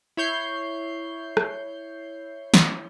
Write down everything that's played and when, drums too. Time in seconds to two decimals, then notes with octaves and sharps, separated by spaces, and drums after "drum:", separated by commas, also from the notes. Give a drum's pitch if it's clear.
0.17 E4 C#5 G6 C7
1.37 drum: rim click
2.54 drum: snare